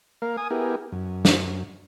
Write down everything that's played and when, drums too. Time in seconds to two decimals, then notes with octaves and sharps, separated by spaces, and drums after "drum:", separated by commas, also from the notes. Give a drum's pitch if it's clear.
0.22 A#3 A#4 F5
0.37 G#5 D#6
0.50 B3 E4 G4 G#4 A#4
0.92 F#2
1.25 drum: snare